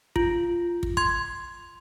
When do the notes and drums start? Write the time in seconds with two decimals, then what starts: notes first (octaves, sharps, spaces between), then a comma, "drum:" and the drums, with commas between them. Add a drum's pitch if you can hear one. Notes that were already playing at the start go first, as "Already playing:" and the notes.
0.16 F4, drum: kick
0.83 drum: kick
0.97 C6 G#6, drum: kick